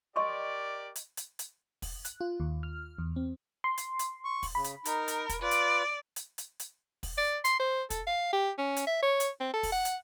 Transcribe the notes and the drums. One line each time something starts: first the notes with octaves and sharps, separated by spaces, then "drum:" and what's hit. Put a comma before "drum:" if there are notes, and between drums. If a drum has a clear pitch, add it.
G4 A#4 D5 D#5 C6 C#6
drum: hi-hat
drum: hi-hat
drum: hi-hat
drum: kick, open hi-hat
F#6, drum: hi-hat
F4
D#2
F6
E2
C4
C6
drum: hi-hat
drum: hi-hat
C#6
drum: kick, open hi-hat
C#3 B5
drum: hi-hat
D#4 A#4, drum: hi-hat
drum: hi-hat
drum: kick, hi-hat
F4 B4 D5
drum: hi-hat
drum: hi-hat
drum: hi-hat
drum: hi-hat
drum: kick, open hi-hat
D5
C6, drum: hi-hat
C5
A4, drum: kick, hi-hat
F5
G4
C#4
drum: hi-hat
E5
C#5
drum: hi-hat
C4
A4
drum: kick, open hi-hat
F#5
drum: hi-hat